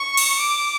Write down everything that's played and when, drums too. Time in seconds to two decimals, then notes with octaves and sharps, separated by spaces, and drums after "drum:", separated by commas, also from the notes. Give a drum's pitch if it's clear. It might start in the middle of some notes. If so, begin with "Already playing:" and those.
Already playing: C#6
0.17 drum: cymbal
0.40 D6